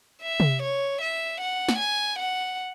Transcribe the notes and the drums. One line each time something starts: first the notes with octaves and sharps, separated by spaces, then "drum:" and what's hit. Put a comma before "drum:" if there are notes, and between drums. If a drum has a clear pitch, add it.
E5
drum: tom C3
C#5
E5
F#5
drum: snare
G#5
F#5